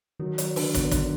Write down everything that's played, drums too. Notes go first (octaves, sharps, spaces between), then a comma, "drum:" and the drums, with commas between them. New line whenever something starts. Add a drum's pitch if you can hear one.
D#3 F#3
F#3, drum: hi-hat
D3, drum: open hi-hat
B3, drum: kick, hi-hat
D3, drum: kick, hi-hat